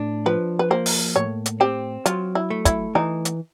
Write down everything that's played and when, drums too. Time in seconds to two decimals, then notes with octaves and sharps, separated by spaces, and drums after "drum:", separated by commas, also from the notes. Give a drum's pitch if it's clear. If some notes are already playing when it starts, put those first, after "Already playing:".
Already playing: A2 D4
0.26 F3 B4
0.59 B4
0.71 A#3 C5
0.86 drum: open hi-hat
1.16 A2 C#5
1.46 drum: hi-hat
1.60 C4 G4
2.06 F#3 F4, drum: hi-hat
2.35 E4
2.50 A3
2.65 E4, drum: kick, hi-hat
2.95 E3 D#4
3.25 drum: hi-hat